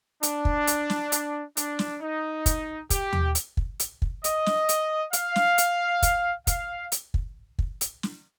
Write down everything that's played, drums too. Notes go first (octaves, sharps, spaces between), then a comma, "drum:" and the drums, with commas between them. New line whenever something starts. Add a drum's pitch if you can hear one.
D4, drum: hi-hat
drum: kick
drum: hi-hat
drum: snare
drum: hi-hat
D4, drum: hi-hat
drum: snare
D#4
drum: kick, hi-hat
G4, drum: kick, hi-hat
drum: tom D#2
drum: hi-hat
drum: kick
drum: hi-hat
drum: kick
D#5, drum: hi-hat
drum: snare
drum: hi-hat
F5, drum: hi-hat
drum: snare
drum: hi-hat
drum: kick, hi-hat
F5, drum: kick, hi-hat
drum: hi-hat
drum: kick
drum: kick
drum: hi-hat
drum: snare